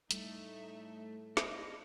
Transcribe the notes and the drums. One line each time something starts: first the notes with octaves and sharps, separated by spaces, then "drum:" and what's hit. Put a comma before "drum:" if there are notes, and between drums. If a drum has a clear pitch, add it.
A2 G3 A3 D#4 E5, drum: hi-hat
D5 D#5, drum: snare